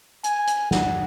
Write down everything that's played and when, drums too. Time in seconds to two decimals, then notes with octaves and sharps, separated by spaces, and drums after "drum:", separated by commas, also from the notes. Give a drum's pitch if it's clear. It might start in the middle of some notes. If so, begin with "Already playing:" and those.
0.24 G#5, drum: hi-hat
0.47 drum: hi-hat
0.71 F#5, drum: snare